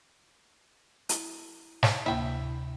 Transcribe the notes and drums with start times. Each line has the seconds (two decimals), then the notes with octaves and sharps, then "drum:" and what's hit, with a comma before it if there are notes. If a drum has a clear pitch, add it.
1.09 E4, drum: hi-hat
1.83 drum: snare
2.06 D2 C3 A#3 E4 G5